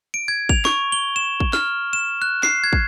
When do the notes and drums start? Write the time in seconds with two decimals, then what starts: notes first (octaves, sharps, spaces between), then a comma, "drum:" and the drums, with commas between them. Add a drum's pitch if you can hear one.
0.14 D7
0.28 G#6
0.49 F7, drum: kick
0.65 C#6, drum: snare
0.92 G7
1.16 E7
1.40 drum: kick
1.53 F6, drum: snare
1.93 E7
2.22 F#6
2.43 C7, drum: snare
2.64 G#6
2.73 drum: kick